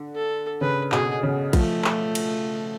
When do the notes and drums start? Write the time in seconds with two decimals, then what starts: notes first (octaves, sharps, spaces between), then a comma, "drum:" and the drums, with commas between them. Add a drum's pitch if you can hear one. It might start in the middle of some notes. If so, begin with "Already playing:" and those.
Already playing: D3
0.15 A4
0.61 C#3 B4
0.92 B2 G#4, drum: clap
1.23 C#3
1.53 F3 A3, drum: kick A#1, cymbal
1.84 drum: clap
2.15 drum: cymbal